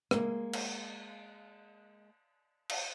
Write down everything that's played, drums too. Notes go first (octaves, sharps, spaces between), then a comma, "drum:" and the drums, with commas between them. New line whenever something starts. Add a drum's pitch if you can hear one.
G#3 A#3, drum: rim click
drum: cymbal
drum: cymbal